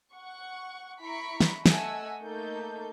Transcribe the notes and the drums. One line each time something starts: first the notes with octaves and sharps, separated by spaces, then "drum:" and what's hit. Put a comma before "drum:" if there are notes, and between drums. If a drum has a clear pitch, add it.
F#5 C#6
E4 A#5 B5 C#6 B6 D7
drum: snare
A3 D#5 F#5 G#5 E6, drum: snare
A3 A#3 D#4 A4 G6